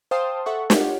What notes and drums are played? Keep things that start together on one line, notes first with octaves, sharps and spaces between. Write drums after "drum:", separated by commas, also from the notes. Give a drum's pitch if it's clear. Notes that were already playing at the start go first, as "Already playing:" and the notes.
C5 F5 G5 A5 C6 D#6
A4 E5 F#5 C#6
F4 G4 C#5 F#5, drum: snare